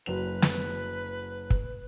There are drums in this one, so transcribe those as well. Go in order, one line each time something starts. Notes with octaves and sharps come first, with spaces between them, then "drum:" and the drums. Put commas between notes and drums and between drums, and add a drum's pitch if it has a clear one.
F#1 F#3 B4 F7
drum: snare
drum: kick